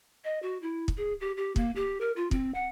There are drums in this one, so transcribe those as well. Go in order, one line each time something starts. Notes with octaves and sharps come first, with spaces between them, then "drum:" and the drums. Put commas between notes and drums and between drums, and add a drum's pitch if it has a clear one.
D#5
F#4
E4
drum: kick
G#4
G4
G4
A#3, drum: kick
G4
A#4
F4
C4, drum: kick
F#5